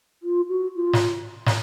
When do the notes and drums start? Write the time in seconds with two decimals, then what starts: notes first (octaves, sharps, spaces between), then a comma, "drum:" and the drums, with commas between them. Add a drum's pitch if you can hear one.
0.23 F4
0.49 F#4
0.76 F4
0.93 drum: snare
1.46 drum: snare